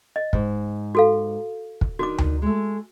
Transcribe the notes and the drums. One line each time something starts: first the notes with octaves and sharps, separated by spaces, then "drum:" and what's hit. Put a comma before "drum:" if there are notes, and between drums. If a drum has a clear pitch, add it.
D#5
G#2, drum: kick
F#4 A4 F5
drum: kick
D#3 D4 F#4 D6
drum: tom D2
G#3 A3